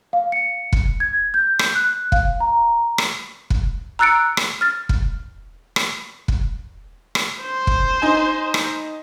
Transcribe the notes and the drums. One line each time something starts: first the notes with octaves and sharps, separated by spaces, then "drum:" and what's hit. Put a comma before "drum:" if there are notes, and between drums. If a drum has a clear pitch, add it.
F5
C#7
drum: kick
G#6
G6
drum: rim click
F#6
F5, drum: kick
A#5
drum: rim click
drum: kick
A#5 E6 F#6 A6 C#7 D7
drum: rim click
F6 A6
drum: kick
drum: rim click
drum: kick
drum: rim click
C5
drum: kick
D#4 G#5
drum: rim click